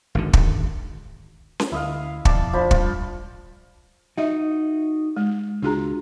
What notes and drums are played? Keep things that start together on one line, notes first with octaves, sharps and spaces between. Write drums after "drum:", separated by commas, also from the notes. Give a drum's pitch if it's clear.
G#1 F#2 D3
drum: kick
drum: snare C#4
D2 E4 D#5 F5
F2 B2 D5 A5, drum: kick
F3 D4 B5
G3 F4, drum: kick
D#4 F#4 D#5 E5
G#3
C#2 D4 F4 F#4 G#4 A#5